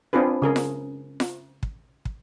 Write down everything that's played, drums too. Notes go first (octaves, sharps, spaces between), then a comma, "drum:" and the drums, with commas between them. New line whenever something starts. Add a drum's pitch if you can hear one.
C4 D4 F4 G#4 B4
C#3 G#4 A#4
drum: snare F4
drum: snare F4
drum: kick
drum: kick